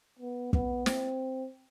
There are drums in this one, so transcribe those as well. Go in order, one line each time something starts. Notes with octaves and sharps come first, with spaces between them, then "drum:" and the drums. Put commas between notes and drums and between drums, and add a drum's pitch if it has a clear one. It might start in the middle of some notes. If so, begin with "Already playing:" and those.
B3
B3, drum: kick
C4, drum: snare